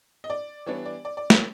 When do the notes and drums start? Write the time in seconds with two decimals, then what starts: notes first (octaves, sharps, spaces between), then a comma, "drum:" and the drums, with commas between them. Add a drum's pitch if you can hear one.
0.24 D#5
0.30 D5
0.66 E3 G3 B3 D4 C#5
0.85 D5
1.05 D5
1.17 D5
1.30 C#5, drum: snare